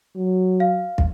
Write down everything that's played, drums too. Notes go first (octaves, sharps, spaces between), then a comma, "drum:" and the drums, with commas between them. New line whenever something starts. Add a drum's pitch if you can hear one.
F#3
F5
drum: kick